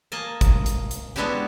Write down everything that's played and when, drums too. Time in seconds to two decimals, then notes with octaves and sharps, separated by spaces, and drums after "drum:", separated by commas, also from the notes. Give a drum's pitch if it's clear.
0.12 A#3 D#5 G#5 A5
0.41 drum: kick, hi-hat
0.66 drum: hi-hat
0.91 drum: hi-hat
1.16 G#3 B3 D4 E4 F#4 G4